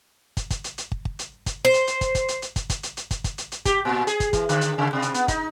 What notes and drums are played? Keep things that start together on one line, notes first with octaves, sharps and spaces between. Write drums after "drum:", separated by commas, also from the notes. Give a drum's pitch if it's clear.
drum: kick, hi-hat
drum: kick, hi-hat
drum: hi-hat
drum: hi-hat
drum: kick
drum: kick
drum: hi-hat
drum: kick, hi-hat
C5
drum: hi-hat
drum: hi-hat
drum: kick, hi-hat
drum: kick, hi-hat
drum: hi-hat
drum: hi-hat
drum: kick, hi-hat
drum: kick, hi-hat
drum: hi-hat
drum: hi-hat
drum: kick, hi-hat
drum: kick, hi-hat
drum: hi-hat
drum: hi-hat
G4, drum: kick, hi-hat
A#2
G#4, drum: hi-hat
drum: kick, hi-hat
E3, drum: kick, hi-hat
D3, drum: hi-hat
drum: hi-hat
C#3
C3
drum: hi-hat
B3, drum: hi-hat
D#4, drum: kick, hi-hat